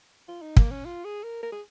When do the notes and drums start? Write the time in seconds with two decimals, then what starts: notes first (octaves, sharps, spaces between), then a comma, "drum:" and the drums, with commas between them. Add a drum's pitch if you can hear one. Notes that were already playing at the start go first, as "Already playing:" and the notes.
0.28 F4
0.42 D#4
0.57 A#3, drum: kick
0.71 C#4
0.85 F4
1.05 G#4
1.24 A#4
1.43 A#4
1.52 G#4